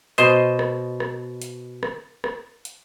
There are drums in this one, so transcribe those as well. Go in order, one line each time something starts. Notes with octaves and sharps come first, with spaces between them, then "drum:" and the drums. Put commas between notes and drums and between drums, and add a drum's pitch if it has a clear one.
B2 C5 D#5, drum: hi-hat
drum: rim click
drum: rim click
drum: hi-hat
drum: rim click
drum: rim click
drum: hi-hat